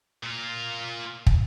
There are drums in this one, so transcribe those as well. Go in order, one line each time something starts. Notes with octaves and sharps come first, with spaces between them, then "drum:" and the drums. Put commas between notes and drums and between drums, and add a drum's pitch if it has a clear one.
A#2 F4
drum: kick